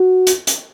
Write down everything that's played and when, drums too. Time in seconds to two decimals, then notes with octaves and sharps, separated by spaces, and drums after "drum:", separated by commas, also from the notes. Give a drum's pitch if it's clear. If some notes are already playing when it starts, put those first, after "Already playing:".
Already playing: F#4
0.27 drum: hi-hat
0.47 drum: hi-hat